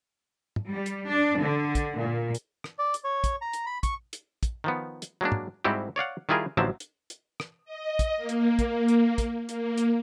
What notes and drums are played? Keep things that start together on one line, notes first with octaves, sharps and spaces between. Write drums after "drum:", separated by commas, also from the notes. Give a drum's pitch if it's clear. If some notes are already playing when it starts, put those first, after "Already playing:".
drum: tom
G3
drum: hi-hat
D4
D3
drum: kick, hi-hat
A#2
drum: hi-hat
drum: rim click
D5
drum: hi-hat
C#5
drum: kick, hi-hat
A#5
drum: hi-hat
B5
C#6, drum: kick, hi-hat
drum: hi-hat
drum: kick, hi-hat
D#3 F3 B3
drum: hi-hat
F#3 G#3 A#3 D4
drum: tom
G#2 G3 C4 E4 F#4 G4
C#5 D5 F5 F#5
D#3 G3 E4 F4 G#4 A#4
A1 D3 F3 F#3 C4 E5
drum: hi-hat
drum: hi-hat
drum: rim click
D#5
drum: kick, hi-hat
A#3
drum: hi-hat
drum: kick, hi-hat
drum: hi-hat
drum: kick, hi-hat
A#3, drum: hi-hat
drum: hi-hat